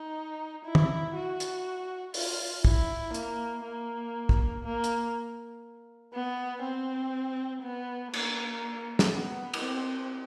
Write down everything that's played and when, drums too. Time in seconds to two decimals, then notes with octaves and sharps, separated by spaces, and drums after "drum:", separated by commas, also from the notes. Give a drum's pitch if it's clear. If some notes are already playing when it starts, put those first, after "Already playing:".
Already playing: D#4
0.65 E4
0.75 drum: tom
1.15 F#4
1.40 drum: hi-hat
2.14 F4, drum: open hi-hat
2.65 E4, drum: kick
3.14 A#3, drum: hi-hat
3.64 A#3
4.29 drum: kick
4.64 A#3
4.84 drum: hi-hat
6.13 B3
6.63 C4
7.62 B3
8.13 A#3, drum: cymbal
8.99 drum: snare
9.13 B3
9.54 drum: cymbal
9.63 C4